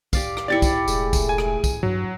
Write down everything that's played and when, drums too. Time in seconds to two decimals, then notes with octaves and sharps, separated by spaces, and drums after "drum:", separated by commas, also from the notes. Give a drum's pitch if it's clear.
0.13 G4 D5 F5, drum: kick B1, tambourine
0.37 drum: rim click
0.48 G#2 E4 G4 D5 F5 A6 C#7
0.62 drum: kick B1, tambourine
0.88 E1 A3 G#4, drum: tambourine
1.13 drum: kick B1, tambourine
1.29 G#5
1.38 drum: rim click
1.64 drum: kick B1, tambourine
1.83 G2 F#3